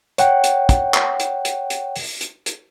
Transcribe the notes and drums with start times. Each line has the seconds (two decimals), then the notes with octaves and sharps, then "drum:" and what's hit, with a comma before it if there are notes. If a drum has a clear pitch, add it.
0.18 C#5 F#5 G5, drum: hi-hat
0.44 drum: hi-hat
0.69 drum: kick, hi-hat
0.94 drum: clap
1.20 drum: hi-hat
1.45 drum: hi-hat
1.70 drum: hi-hat
1.96 drum: open hi-hat
2.21 drum: hi-hat
2.46 drum: hi-hat